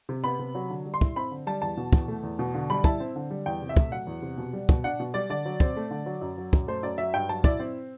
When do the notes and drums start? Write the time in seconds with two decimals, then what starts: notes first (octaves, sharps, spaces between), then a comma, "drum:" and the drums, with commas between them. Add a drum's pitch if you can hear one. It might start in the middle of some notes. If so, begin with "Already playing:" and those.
0.09 C3
0.24 B3 B5
0.39 C3
0.55 F#3
0.70 D3
0.85 G3
0.94 C6
1.01 E4, drum: kick
1.16 C4 B5
1.31 D3
1.47 G3 A5
1.62 E2 A5
1.77 B2
1.93 E2, drum: kick
2.08 A3
2.23 E2
2.39 B2
2.54 D3
2.70 G3 B5
2.84 E4 A5, drum: kick
3.00 C4
3.16 D3
3.30 G3
3.46 E2 G5
3.62 C3
3.69 E5
3.76 A3, drum: kick
3.92 F#3 F#5
4.07 E2
4.22 C3
4.38 B2
4.53 G3
4.69 B2, drum: kick
4.84 D4 F#5
5.00 B2
5.14 G3 D5
5.30 D3 D5
5.46 F#3
5.60 C4, drum: kick
5.76 A3
5.91 D3
6.06 F#3
6.21 F#2
6.38 F#3
6.53 F#2, drum: kick
6.67 A3 C5
6.83 F#2 D5
6.98 F#3 E5
7.14 G2 G5
7.29 F#3 A5
7.44 E4 D5, drum: kick
7.59 C4